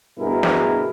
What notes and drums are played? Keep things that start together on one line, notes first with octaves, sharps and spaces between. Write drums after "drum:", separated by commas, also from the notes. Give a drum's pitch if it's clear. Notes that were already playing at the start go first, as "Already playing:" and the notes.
D2 G2 B2 E4 G#4 A#4
drum: snare